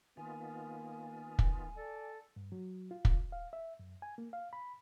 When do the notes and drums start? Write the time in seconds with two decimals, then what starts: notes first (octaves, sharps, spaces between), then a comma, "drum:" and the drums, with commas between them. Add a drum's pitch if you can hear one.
0.17 D#3 A#3 B3 F4 G#5
1.39 drum: kick
1.77 A4 D5
2.36 G2
2.52 F#3
2.91 F4
3.05 drum: kick
3.32 F5
3.53 E5
3.79 F#2
4.02 G#5
4.18 A#3
4.33 F5
4.53 B5